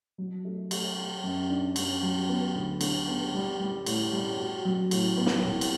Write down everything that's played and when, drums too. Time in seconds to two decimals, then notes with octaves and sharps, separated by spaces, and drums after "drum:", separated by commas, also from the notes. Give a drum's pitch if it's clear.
0.18 F#3
0.45 A3
0.71 A3, drum: cymbal
0.98 A3
1.24 F#2
1.50 D4
1.76 F#2, drum: cymbal
2.02 F#3
2.29 B3
2.55 D2
2.81 D3, drum: cymbal
3.07 B3
3.34 G3
3.60 G3
3.86 A2, drum: cymbal
4.13 G3
4.39 F#4
4.65 F#3
4.91 A2, drum: cymbal
5.17 B3
5.26 drum: snare
5.44 C2
5.61 drum: cymbal